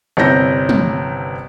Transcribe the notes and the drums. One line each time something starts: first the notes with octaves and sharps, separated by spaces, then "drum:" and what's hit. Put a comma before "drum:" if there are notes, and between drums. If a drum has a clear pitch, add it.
G1 C3 C#4 E4 G6 A#6
drum: tom